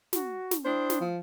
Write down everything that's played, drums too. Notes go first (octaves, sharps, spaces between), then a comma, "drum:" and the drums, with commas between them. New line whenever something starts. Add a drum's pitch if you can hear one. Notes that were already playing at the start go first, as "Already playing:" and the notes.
F#4 C#6, drum: snare
drum: snare
D4 E4 C5 G5 D#6
drum: snare
F3